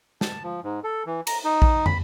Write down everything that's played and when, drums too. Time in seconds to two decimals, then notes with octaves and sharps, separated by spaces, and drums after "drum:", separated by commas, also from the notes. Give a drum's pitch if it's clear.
0.21 A5, drum: snare
0.43 F3
0.64 G#2
0.84 A4
1.06 E3
1.27 A#5, drum: cymbal
1.44 D#4
1.62 drum: kick A#1
1.86 B5, drum: tom